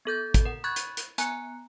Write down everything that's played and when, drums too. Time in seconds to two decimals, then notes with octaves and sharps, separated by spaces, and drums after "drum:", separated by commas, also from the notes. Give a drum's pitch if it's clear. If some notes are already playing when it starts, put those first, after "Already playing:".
0.05 B3 A4 G6 A6
0.34 drum: kick, hi-hat
0.45 A#4 F#5
0.64 B5 C#6 F#6 G#6 A6
0.76 drum: hi-hat
0.97 drum: hi-hat
1.18 B3 G#5 A#5 F#6 C#7, drum: hi-hat